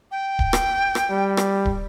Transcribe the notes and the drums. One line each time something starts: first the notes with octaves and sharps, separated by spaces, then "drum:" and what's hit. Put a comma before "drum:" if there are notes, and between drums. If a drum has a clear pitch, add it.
G5
drum: kick D1
drum: rim click
drum: rim click
G3
drum: rim click
drum: kick D1